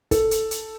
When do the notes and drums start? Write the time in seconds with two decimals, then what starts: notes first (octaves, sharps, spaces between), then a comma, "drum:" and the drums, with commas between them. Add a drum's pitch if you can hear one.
0.11 A4, drum: kick, hi-hat
0.31 drum: hi-hat
0.51 drum: hi-hat